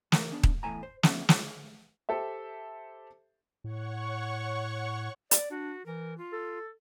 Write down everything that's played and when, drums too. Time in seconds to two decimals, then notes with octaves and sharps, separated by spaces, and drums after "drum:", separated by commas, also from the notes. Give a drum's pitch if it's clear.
0.12 E3 A3 A#4, drum: snare
0.32 B3 D4
0.43 drum: kick D#1
0.63 E2 E3 A3 G#5 A#5
0.83 C5
1.03 F3 A#3 B3 C#4 E5, drum: snare
1.29 G3 F4, drum: snare
2.09 G4 A4 C5 E5
3.64 A2 C#5 F#5 C#6
5.31 D5, drum: hi-hat
5.50 D4 F#4
5.86 E3 A#4
6.18 F4
6.33 A4